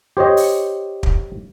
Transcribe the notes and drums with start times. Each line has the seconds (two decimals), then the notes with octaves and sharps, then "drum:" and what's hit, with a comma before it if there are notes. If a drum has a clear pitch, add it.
0.17 G4 C5 C#5 D#5
0.37 drum: open hi-hat
1.03 drum: kick